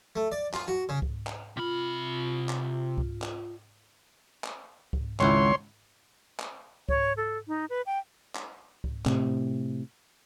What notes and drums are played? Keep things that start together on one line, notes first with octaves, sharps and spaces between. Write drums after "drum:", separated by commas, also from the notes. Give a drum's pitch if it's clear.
A3
D5
F4, drum: clap
F#4
C#3
drum: kick C#2
drum: clap
C3 F4 B5
drum: clap
drum: kick C#2
drum: clap
drum: clap
drum: kick C#2
G#1 C#2 E4 C#5 C6, drum: clap
drum: clap
C#5, drum: kick C#2
A4
D#4
B4
G5
drum: clap
drum: kick C#2
A2 C3, drum: clap